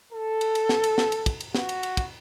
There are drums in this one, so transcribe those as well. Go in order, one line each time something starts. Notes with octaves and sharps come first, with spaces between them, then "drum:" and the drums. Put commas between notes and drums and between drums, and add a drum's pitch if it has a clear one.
A4
drum: cymbal
drum: cymbal
drum: snare
drum: cymbal
drum: snare
drum: cymbal
drum: kick, cymbal
drum: cymbal
F#4, drum: snare
drum: cymbal
drum: cymbal
drum: kick, cymbal